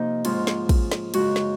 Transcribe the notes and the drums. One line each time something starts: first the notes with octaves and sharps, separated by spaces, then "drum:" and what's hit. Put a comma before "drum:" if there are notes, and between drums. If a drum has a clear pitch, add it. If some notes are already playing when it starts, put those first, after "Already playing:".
Already playing: C3 F3 A#3 D#4
G#2 F3 G#3 C#4 F4, drum: cymbal
drum: snare
drum: kick, cymbal
drum: snare
F#2 C#3 G#3 F#4, drum: cymbal
drum: snare